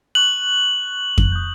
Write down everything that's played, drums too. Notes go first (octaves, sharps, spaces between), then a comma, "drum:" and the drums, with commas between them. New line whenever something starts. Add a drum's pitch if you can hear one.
C#6 F#6 F#7
drum: kick F2
D#6 G6